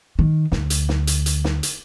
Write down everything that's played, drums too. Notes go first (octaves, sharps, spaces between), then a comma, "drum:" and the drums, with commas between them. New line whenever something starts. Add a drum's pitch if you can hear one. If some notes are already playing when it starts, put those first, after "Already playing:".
D#3
D2, drum: snare
drum: hi-hat
drum: snare
drum: hi-hat
drum: hi-hat
drum: snare
drum: hi-hat